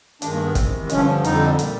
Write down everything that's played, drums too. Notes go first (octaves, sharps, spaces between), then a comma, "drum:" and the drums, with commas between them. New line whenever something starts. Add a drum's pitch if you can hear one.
G2 D#3 G#3 D4, drum: hi-hat
A#3
B3
E2 C3 D#3 G#3 C4, drum: kick, hi-hat
G2 D3 F3 C#4, drum: hi-hat
F2 D3 G3 D#4, drum: hi-hat
A#2 G3, drum: hi-hat